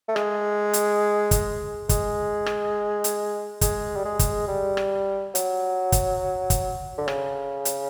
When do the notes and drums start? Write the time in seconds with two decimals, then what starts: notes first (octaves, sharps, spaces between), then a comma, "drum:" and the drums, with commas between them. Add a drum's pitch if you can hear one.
0.08 A3
0.16 G#3, drum: rim click
0.73 drum: hi-hat
1.31 drum: kick, hi-hat
1.89 G#3, drum: kick, hi-hat
2.46 drum: rim click
3.04 drum: hi-hat
3.61 G#3, drum: kick, hi-hat
3.96 G3
4.05 G#3
4.19 drum: kick, hi-hat
4.48 G3
4.77 drum: rim click
5.35 F#3, drum: hi-hat
5.92 drum: kick, hi-hat
6.50 drum: kick, hi-hat
6.98 D3
7.08 C#3, drum: rim click
7.65 drum: hi-hat